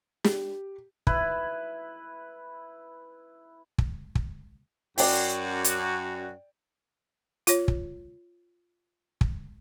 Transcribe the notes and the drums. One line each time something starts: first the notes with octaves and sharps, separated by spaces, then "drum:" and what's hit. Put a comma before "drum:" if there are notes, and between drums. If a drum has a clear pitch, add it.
G4, drum: snare
E4 B4, drum: kick
drum: kick
drum: kick
F#2 F#4 D5 G5, drum: open hi-hat
drum: hi-hat
F4 C#5, drum: hi-hat
drum: kick
drum: kick